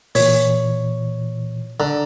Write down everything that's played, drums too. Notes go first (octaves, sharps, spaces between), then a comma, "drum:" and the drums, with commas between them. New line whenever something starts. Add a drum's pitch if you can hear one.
A#2 E3 C#5, drum: open hi-hat
D3 A#5